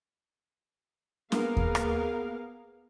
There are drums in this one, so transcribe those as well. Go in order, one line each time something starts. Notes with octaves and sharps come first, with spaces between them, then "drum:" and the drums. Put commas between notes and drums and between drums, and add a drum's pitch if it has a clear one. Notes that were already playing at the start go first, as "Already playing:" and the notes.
A#3 B3 G#4 A#4 F5, drum: snare
drum: kick D#2
drum: rim click